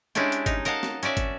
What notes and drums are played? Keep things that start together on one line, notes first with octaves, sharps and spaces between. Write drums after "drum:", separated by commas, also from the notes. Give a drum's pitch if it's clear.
G#3 C#4 D4 E4 G4, drum: hi-hat
drum: hi-hat
D#4, drum: kick, hi-hat
A#4 D#5 F5 F#5 A5, drum: hi-hat
drum: snare
C#4 F#4 D5 E5, drum: hi-hat
drum: kick, hi-hat